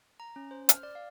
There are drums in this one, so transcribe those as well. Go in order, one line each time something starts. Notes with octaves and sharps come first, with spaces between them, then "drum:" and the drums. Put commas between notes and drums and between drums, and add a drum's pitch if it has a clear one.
A#5
C#4
C5
F6, drum: hi-hat
D5
F5